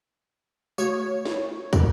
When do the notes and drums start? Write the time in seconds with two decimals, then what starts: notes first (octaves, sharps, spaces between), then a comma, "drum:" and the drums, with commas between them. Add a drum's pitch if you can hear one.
0.78 A3 F#4 C#5, drum: tambourine
1.25 drum: snare
1.73 drum: kick, tambourine